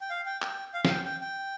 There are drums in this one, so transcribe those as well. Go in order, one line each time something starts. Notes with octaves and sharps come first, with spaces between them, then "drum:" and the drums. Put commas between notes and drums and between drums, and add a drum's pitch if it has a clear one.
G5
F5
G5
G5, drum: clap
F5
F5, drum: snare
G5
G5
G5